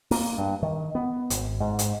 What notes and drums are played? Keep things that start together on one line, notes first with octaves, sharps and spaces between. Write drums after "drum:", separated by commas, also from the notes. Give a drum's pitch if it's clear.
A#3, drum: open hi-hat
G2
D#3
B3
G#1, drum: hi-hat
G#2
drum: hi-hat